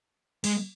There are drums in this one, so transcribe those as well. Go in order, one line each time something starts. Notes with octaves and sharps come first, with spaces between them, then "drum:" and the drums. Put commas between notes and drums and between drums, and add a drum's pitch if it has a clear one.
G#3, drum: open hi-hat